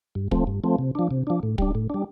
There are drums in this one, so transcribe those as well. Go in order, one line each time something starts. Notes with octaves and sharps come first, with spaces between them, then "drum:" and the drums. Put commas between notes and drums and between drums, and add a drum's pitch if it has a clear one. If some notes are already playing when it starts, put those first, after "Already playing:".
G2
F3 A3 C4, drum: kick
G2
F3 A3 C4
C3
F3 D4
C3
F3 D4
A2
G3 D4, drum: kick
A2
G3 D4